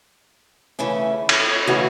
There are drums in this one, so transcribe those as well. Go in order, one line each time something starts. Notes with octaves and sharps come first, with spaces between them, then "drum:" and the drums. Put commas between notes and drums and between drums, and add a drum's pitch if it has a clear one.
C#3 E3 A3 C#4
drum: cymbal
C#3 E3 A3 C#4 F#4